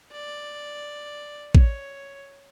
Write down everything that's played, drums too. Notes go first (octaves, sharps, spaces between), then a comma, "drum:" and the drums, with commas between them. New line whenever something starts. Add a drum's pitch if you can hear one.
D5
C#5, drum: kick